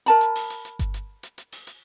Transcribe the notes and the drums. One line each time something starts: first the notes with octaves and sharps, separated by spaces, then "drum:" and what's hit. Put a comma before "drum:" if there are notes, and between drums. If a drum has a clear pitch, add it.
A#4 A5 B5, drum: hi-hat
drum: hi-hat
drum: open hi-hat
drum: hi-hat
drum: hi-hat
drum: kick G1, hi-hat
drum: hi-hat
drum: hi-hat
drum: hi-hat
drum: open hi-hat
drum: hi-hat